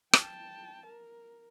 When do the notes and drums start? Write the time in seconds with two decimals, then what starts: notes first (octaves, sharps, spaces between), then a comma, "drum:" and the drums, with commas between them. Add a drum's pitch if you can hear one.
0.13 G5 A5, drum: rim click
0.87 A#4